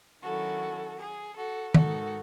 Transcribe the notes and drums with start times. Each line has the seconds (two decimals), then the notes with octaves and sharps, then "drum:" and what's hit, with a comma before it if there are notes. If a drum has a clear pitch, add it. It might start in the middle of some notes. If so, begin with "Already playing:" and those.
0.22 D#3 F#3 C#4 E4 F#4 A4
0.99 G#4
1.37 F#4 A4
1.74 G#2 D#3 G#3 D#4 F#4 A4, drum: tom D#3